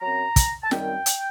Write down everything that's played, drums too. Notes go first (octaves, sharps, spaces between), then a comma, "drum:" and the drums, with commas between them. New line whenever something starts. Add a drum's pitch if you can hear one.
F#2 F#3 C4 A#5
drum: kick, hi-hat
A5
F#2 D#3 G3 C4 G5, drum: snare
drum: hi-hat